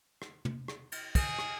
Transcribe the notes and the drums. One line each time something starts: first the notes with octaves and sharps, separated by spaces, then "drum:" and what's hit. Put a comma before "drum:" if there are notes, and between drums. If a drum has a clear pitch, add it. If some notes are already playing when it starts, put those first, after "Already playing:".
drum: rim click
drum: tom
drum: rim click
drum: cymbal
G#4, drum: kick, cymbal
drum: rim click